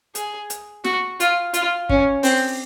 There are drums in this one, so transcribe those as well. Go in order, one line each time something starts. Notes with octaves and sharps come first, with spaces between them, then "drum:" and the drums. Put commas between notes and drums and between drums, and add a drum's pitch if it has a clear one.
G#4, drum: hi-hat
drum: hi-hat
F#4, drum: snare
F4, drum: hi-hat
F4, drum: hi-hat
C#4, drum: kick
C4, drum: open hi-hat